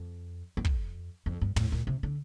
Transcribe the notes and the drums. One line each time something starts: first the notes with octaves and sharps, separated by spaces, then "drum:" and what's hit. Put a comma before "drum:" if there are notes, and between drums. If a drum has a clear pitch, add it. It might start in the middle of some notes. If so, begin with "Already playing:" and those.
Already playing: F2
G2
F2, drum: kick
F2
G2
A2, drum: tom
A#2
C3
D3